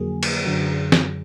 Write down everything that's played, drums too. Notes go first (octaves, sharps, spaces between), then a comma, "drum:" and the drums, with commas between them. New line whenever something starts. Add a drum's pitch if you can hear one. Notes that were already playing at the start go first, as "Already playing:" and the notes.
Already playing: F2 D3 F#3 A#3 G#4
drum: cymbal
F#2 D3 F#3
drum: snare